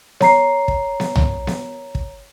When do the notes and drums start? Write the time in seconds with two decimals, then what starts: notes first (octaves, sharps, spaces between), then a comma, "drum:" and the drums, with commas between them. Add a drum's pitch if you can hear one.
0.21 C#5 A#5 C7, drum: snare B3
0.68 drum: kick
1.00 drum: snare B3
1.16 drum: tom C2
1.47 drum: snare B3
1.95 drum: kick